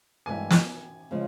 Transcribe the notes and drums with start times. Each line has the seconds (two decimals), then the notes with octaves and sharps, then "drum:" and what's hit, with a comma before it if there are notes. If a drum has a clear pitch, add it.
0.26 G2 E3 G#3 B3 G#5
0.50 drum: snare
1.11 C#3 F3 G#3